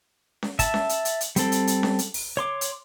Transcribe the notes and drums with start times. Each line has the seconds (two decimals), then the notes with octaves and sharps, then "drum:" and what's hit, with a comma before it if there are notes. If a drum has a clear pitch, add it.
0.43 drum: snare C#4
0.59 E5 A5, drum: kick, hi-hat
0.74 drum: snare C#4
0.89 drum: hi-hat
1.05 drum: hi-hat
1.21 drum: hi-hat
1.36 G3 C4 A4, drum: hi-hat
1.52 drum: hi-hat
1.67 drum: hi-hat
1.83 drum: snare C#4
1.99 drum: hi-hat
2.14 drum: open hi-hat
2.37 C#5 C6 D6
2.61 drum: hi-hat